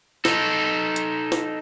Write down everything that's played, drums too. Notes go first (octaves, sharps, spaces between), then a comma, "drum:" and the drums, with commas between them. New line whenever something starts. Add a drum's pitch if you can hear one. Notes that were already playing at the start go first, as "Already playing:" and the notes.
D#4 A4, drum: snare
drum: hi-hat
drum: snare